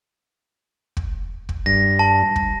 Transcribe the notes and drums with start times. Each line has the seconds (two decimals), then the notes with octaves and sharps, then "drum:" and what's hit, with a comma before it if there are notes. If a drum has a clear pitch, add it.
0.97 drum: kick
1.49 drum: kick
1.66 G2 A#6
1.99 A5
2.36 drum: kick